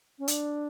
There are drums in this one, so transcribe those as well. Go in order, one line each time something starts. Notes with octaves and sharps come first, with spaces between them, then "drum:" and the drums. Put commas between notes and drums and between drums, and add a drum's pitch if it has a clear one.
C#4
D4, drum: hi-hat